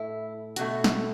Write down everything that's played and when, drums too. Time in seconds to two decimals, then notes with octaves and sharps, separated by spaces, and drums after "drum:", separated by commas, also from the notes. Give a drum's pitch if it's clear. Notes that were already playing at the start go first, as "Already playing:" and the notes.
Already playing: A2 E4
0.56 B2 A3 F#4, drum: hi-hat
0.84 drum: snare